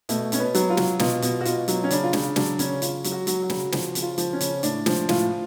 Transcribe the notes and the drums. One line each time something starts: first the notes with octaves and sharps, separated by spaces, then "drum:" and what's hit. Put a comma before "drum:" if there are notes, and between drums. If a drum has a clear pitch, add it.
B2 A3, drum: hi-hat
B2 C#4, drum: hi-hat
B3
F#3, drum: hi-hat
F4
F#3, drum: snare
B2 F4, drum: snare
B2, drum: hi-hat
F#4
B2 F4, drum: hi-hat
F#3, drum: hi-hat
C#4
C#3 D4, drum: hi-hat
F4
C#3 D4, drum: snare
F#3 D4, drum: snare
C#3 C#4, drum: hi-hat
C#3 F4, drum: hi-hat
F#3, drum: hi-hat
F#4
F#3, drum: hi-hat
F#4
C#3, drum: snare
F3 F#4, drum: snare
C#3, drum: hi-hat
F4
F3, drum: hi-hat
C#4
C#3, drum: hi-hat
A2 D4, drum: hi-hat
F3, drum: snare
A2 F4, drum: snare